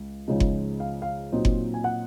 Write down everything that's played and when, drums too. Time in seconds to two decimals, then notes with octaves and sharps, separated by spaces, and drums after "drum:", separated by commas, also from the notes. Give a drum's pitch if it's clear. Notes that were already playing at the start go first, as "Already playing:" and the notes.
Already playing: C#2
0.28 C#2 C#3 F3 G#3 D#4
0.40 drum: kick F#1
0.80 F5
1.02 F5
1.32 A#2 F#3 C4 D#4
1.45 drum: kick F#1
1.74 G#5
1.84 F#5